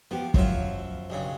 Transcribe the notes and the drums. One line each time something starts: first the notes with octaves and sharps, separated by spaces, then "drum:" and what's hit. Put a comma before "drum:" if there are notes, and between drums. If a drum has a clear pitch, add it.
F3 B3 G4
F#2 F3 F#3 F4 E5, drum: kick
B1 G2 C#3